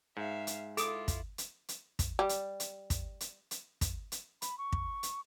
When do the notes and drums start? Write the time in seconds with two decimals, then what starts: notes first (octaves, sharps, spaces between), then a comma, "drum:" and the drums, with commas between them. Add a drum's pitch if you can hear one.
0.17 G#2 E5 F5
0.47 drum: hi-hat
0.77 E4 F4 A4 D6 D#6, drum: hi-hat
1.08 drum: kick, hi-hat
1.38 drum: hi-hat
1.69 drum: hi-hat
1.99 drum: kick, hi-hat
2.19 G3
2.29 drum: hi-hat
2.60 drum: hi-hat
2.90 drum: kick, hi-hat
3.20 drum: hi-hat
3.51 drum: hi-hat
3.81 drum: kick, hi-hat
4.12 drum: hi-hat
4.42 B5, drum: hi-hat
4.58 C#6
4.72 drum: kick
5.03 drum: hi-hat